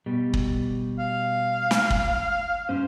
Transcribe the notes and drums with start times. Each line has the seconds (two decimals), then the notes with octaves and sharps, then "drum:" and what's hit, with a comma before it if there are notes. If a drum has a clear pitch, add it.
0.06 B2 G3
0.33 drum: kick
0.99 F5
1.71 drum: snare
1.90 drum: kick
2.69 G2 C#4 C5